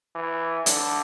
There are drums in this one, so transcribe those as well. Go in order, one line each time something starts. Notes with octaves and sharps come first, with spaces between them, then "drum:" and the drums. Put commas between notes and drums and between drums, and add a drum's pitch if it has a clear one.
E3
D3, drum: hi-hat